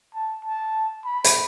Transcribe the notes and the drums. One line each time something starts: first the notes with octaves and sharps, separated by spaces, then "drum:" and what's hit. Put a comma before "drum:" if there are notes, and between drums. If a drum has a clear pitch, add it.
A5
A5
B5
drum: hi-hat